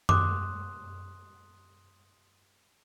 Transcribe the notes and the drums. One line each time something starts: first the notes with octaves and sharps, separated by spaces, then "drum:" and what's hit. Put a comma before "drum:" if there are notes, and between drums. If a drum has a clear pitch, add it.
C6 D6 D#6 F#6, drum: tom F#2